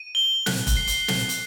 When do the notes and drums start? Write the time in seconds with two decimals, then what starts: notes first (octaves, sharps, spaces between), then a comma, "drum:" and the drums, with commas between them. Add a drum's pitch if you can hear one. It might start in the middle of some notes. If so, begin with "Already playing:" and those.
Already playing: D#7
0.15 G7
0.46 F#6, drum: snare
0.67 drum: kick F1, hi-hat
0.77 C7
0.87 drum: hi-hat
1.08 drum: snare
1.29 drum: hi-hat